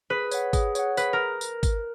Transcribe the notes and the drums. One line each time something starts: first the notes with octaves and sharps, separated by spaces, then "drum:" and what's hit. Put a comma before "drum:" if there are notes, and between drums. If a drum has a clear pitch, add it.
G#4 B4
C#5 F#5, drum: tambourine
G#4, drum: kick, tambourine
C#5 F#5, drum: tambourine
G#4 B4, drum: tambourine
A#4
drum: tambourine
drum: kick, tambourine